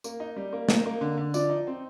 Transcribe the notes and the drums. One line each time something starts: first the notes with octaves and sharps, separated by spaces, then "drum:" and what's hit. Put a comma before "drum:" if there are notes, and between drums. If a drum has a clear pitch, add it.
A#3, drum: tambourine
D#4
G3
A#3
D#4, drum: snare
A#3
D3
D3
F3 D5, drum: tambourine
D#4
C4